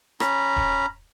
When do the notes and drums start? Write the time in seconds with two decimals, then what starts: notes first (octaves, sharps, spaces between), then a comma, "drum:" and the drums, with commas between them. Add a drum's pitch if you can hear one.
0.20 C#4 A#5 B5, drum: rim click
0.56 drum: kick D#1